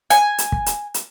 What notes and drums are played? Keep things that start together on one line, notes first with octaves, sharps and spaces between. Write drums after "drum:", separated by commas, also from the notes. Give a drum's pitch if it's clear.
G#5, drum: hi-hat
drum: hi-hat
drum: kick
drum: hi-hat
drum: hi-hat